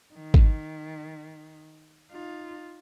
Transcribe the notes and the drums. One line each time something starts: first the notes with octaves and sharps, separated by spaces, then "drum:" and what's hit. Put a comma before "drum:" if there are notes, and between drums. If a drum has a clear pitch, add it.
D#3
drum: kick G#1
D#4 F4